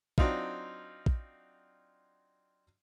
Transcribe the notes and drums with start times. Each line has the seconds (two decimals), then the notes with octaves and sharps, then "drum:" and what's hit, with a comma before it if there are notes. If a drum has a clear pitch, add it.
0.18 F#3 C4 D4 D#4 F4, drum: kick
1.06 drum: kick